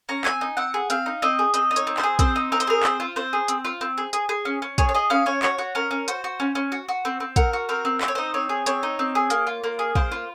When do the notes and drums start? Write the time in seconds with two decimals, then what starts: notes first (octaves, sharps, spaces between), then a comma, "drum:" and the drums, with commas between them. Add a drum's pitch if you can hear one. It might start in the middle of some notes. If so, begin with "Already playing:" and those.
0.09 C#4 A#5
0.25 C4 G#5, drum: clap
0.41 D#4
0.57 C4 F#5
0.74 G#4
0.90 C4 F5, drum: hi-hat
1.06 D#4
1.22 C4 D#5
1.39 G#4
1.54 C4 D#5, drum: hi-hat
1.71 D#4
1.76 C#5, drum: hi-hat
1.87 C4
1.98 C5, drum: clap
2.03 G#4
2.19 C4 C5, drum: kick, hi-hat
2.36 D#4
2.52 C4 A#4
2.60 C5, drum: hi-hat
2.67 G#4 A#4
2.83 C4 C5, drum: clap
3.00 F4
3.16 C4 C5
3.33 G#4
3.48 C4, drum: hi-hat
3.65 F4
3.81 C4
3.98 G#4
4.13 G#4, drum: hi-hat
4.29 G#4
4.45 C#4
4.62 C#4
4.78 G#4 C#5, drum: kick, hi-hat
4.89 C#5
4.94 G#4 D#5
5.10 C#4 F5
5.26 C#4 C#5
5.43 F#4 C#5, drum: clap
5.58 F#4
5.75 C#4 A#4
5.91 C#4
6.08 F#4 C5, drum: hi-hat
6.24 F#4
6.40 C#4
6.55 C#4
6.72 F#4
6.89 F#4
7.05 C4
7.20 C4
7.36 F#4 A#4, drum: kick, hi-hat
7.53 F#4
7.69 C4 A#4
7.85 C4
8.01 C4 C5, drum: clap
8.08 C#5
8.15 D#4 C5
8.34 C4 C#5
8.49 G#4
8.66 C4 C#5, drum: hi-hat
8.83 D#4
8.99 C4
9.15 G#4
9.30 A#3, drum: hi-hat
9.47 F4
9.64 A#3
9.79 G#4
9.95 A#3 C5, drum: kick
10.12 F4